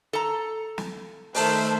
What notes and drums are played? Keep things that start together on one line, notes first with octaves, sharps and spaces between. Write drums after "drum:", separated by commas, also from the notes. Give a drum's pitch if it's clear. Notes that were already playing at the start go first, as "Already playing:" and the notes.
A4 A#5
drum: snare
D#3 A3 C5 E5 A5, drum: open hi-hat